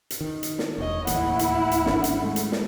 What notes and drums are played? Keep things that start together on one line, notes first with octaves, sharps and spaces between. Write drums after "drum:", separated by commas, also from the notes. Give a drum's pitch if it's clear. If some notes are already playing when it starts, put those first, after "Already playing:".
drum: hi-hat
D#3
drum: hi-hat
drum: snare
E1 C#5 D#5
D1 A1 D#2 E4 F#5, drum: hi-hat
drum: hi-hat
drum: hi-hat
G#1 C#4 D4, drum: snare
drum: hi-hat
G#3 A3
drum: hi-hat
drum: snare